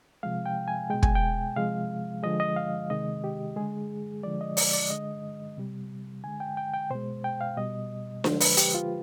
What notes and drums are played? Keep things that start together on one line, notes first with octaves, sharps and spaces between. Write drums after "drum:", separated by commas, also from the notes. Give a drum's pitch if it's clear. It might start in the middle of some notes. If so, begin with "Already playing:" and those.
C3 F3 G#3 F5
G5
G#5
B2 G#3 G5
G#5, drum: kick
G5
C3 F3 G#3 F5
D3 F3 G#3 D#5
D#5
F5
C3 D#3 G#3 D#5
G4
D3 G#3 G#4
D3 F3 G#3 D5
D#5
D5, drum: open hi-hat
D5
D3 G#3 D#5
C3 G3
D3 G#3 G#5
G5
G5
G5
B2 G#3 C5
G5
F5
B2 G3 D#5
D3 F3 G#3 C5, drum: snare D4
B4, drum: open hi-hat
G4, drum: hi-hat
F4